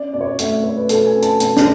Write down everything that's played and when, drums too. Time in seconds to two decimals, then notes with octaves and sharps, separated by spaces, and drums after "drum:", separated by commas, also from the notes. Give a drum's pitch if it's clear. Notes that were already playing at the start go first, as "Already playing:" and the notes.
Already playing: C#4 D5
0.13 B2 D5
0.21 C#5
0.28 D5
0.39 A3 E5, drum: hi-hat
0.52 E5
0.64 A3 C#5
0.77 B4
0.89 B2 A4, drum: hi-hat
1.06 G#5
1.15 C#4
1.22 A5, drum: hi-hat
1.40 B2, drum: hi-hat
1.57 drum: snare